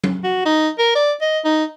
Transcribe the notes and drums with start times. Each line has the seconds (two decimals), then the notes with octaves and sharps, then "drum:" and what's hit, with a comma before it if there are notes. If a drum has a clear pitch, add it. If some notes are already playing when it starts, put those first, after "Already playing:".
0.04 drum: tom F#3
0.24 F#4
0.45 D#4
0.79 A#4
0.95 D5
1.22 D#5
1.44 D#4